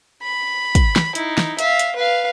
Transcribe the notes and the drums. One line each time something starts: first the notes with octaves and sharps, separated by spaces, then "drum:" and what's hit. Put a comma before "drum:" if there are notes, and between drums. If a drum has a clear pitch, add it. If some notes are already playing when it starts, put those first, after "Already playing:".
B5
drum: kick, hi-hat
drum: snare
D#4 E4, drum: hi-hat
drum: snare
E5 F5, drum: hi-hat
drum: hi-hat
B4 F5